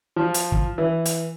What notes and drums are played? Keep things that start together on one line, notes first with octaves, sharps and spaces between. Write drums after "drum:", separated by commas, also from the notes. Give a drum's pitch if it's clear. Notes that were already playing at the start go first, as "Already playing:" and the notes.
F3
drum: hi-hat
drum: kick
E3
drum: hi-hat